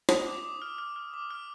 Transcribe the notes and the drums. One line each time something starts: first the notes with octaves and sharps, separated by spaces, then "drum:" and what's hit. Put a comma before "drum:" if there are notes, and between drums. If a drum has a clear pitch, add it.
D#6, drum: snare
D6
D6
F6
F6
F6
D6
F6